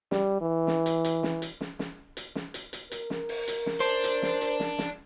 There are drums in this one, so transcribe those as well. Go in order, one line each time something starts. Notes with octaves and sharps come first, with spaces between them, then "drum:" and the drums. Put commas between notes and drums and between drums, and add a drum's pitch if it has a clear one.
G3, drum: snare
E3
drum: snare
drum: hi-hat
drum: hi-hat
drum: snare
drum: hi-hat
drum: snare
drum: snare
drum: hi-hat
drum: snare
drum: hi-hat
drum: hi-hat
A#4, drum: hi-hat
drum: snare
drum: open hi-hat
drum: hi-hat
drum: snare
D4 C5
drum: hi-hat
drum: snare
drum: hi-hat
drum: snare
drum: snare